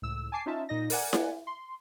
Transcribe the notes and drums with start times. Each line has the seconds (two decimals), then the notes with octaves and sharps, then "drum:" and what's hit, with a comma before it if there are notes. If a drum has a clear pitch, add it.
0.02 C#2 A2 E6
0.32 G#5 A5 D6 C7
0.46 C#4 D#4 F4 E5 A5
0.69 A#2 D#4 D#5 A#6
0.90 A#4 D5 F#5 G#5, drum: open hi-hat
1.13 drum: snare E4
1.47 C6